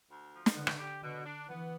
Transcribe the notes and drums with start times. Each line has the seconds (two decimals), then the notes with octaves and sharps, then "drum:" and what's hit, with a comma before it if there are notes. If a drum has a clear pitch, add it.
0.10 D2
0.33 F3
0.46 drum: snare
0.55 D3 B3
0.67 drum: rim click
0.78 G4
1.02 B2 D3
1.25 D4
1.48 E3 B3